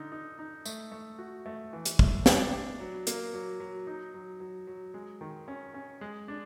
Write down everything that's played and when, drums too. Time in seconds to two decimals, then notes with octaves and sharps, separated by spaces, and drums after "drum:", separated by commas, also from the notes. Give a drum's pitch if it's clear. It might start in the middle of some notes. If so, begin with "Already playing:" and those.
Already playing: D3 D#4
0.12 D#4
0.39 D#4
0.66 A3, drum: tambourine
0.92 A3
1.19 F#4
1.46 A3
1.73 E3
1.85 drum: hi-hat
1.99 A3, drum: kick
2.26 D4, drum: snare
2.53 D4
2.80 F#3
3.07 A#3, drum: hi-hat
3.34 F#3
3.60 F#3
3.87 D#4
4.14 F#3
4.40 F#3
4.67 F#3
4.94 G#3
5.21 D#3
5.48 C#4
5.74 C#4
6.01 G#3
6.28 D4